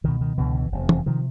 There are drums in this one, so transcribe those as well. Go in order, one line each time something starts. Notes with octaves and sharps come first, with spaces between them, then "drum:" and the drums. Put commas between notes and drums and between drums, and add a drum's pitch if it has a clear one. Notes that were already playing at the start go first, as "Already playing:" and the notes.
C#2 B2 D#3
D#3
C#2 B2 D3 E3
F1 E2 C3
drum: tom
C3 D#3 F3